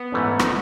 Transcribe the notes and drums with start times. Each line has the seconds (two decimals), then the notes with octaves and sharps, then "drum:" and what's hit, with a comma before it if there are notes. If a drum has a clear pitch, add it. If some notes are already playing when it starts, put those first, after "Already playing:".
Already playing: B3
0.12 G#2 E3 A3 C#4
0.39 drum: rim click